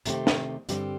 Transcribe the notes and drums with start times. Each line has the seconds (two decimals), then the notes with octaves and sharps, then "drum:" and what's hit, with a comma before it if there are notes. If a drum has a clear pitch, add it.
0.05 C3 D#3 A3 C4 G4, drum: hi-hat
0.27 drum: snare
0.69 G2 D3 G3 C4 G4, drum: hi-hat